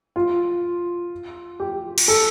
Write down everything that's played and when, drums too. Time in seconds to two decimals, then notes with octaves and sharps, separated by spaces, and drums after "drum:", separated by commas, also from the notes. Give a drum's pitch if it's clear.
0.16 F4
1.60 G4
1.98 drum: cymbal
2.08 A4